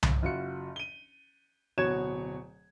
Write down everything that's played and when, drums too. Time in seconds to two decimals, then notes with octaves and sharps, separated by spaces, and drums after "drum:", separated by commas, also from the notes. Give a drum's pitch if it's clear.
0.03 drum: tom C2
0.22 F#1 F4 F#4 C#7
0.76 D#7 G7
1.78 D1 B2 F#4 C#5 G#6 E7